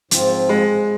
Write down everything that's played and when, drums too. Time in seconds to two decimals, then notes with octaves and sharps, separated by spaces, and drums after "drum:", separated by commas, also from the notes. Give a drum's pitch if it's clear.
0.11 G#2 F3 C4 F4, drum: hi-hat
0.49 G#3